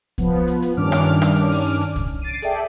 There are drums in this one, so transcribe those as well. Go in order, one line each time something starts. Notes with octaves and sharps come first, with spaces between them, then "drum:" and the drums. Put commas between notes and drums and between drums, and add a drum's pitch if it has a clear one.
F3 B3, drum: kick C2, hi-hat
drum: hi-hat
drum: hi-hat
G2 D#3 C#4 D4 D6 F6
drum: rim click
drum: rim click
drum: hi-hat
drum: open hi-hat
drum: hi-hat
drum: hi-hat
drum: kick C2, hi-hat
A6 C7 D7 D#7
G#4 A4 D5 E5 G5, drum: hi-hat